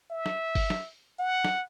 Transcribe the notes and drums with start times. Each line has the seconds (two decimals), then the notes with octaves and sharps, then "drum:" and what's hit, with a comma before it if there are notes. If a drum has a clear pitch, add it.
0.11 E5
0.26 drum: snare
0.55 drum: kick G1, open hi-hat
0.70 drum: snare
1.19 F#5
1.45 drum: snare